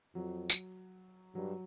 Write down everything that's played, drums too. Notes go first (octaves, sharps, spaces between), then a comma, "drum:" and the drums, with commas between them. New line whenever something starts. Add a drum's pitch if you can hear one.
F2 F#3
drum: tambourine
G2 F#3